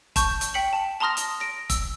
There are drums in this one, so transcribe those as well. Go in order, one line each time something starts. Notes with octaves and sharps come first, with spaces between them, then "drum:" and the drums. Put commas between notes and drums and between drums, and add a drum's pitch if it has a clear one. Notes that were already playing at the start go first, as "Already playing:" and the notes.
A5 C#6 G6, drum: kick F1, hi-hat
drum: hi-hat
G5 B6 C#7 F#7
A5
A5 A#5 C6 D#6 F6 A#6
drum: hi-hat
A#6 D7
E6, drum: kick F1, hi-hat